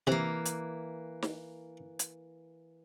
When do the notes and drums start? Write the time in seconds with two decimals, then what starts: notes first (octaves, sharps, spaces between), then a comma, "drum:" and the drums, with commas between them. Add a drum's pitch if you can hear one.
0.07 C3 E3 A#3
0.46 drum: hi-hat
1.22 drum: snare
1.99 drum: hi-hat